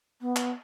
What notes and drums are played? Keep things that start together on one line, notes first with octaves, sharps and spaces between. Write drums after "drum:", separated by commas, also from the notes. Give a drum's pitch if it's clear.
B3
drum: clap